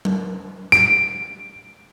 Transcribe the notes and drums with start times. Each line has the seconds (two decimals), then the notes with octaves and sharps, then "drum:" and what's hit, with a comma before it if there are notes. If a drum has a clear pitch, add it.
0.05 drum: tom F#3
0.72 D7, drum: snare